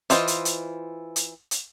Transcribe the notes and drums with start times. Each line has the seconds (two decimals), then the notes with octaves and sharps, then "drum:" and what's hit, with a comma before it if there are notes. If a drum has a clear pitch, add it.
0.10 E3 F4 C5 D#5, drum: hi-hat
0.28 drum: hi-hat
0.45 drum: hi-hat
1.16 drum: hi-hat
1.51 drum: hi-hat